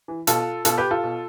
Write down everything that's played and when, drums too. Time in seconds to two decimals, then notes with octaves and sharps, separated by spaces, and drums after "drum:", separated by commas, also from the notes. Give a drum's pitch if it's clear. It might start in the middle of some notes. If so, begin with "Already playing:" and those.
0.08 E3
0.27 B2 F4 A4, drum: hi-hat
0.65 B2 F4 A4, drum: hi-hat
0.78 G4 B4
0.91 F4 A4
1.03 B2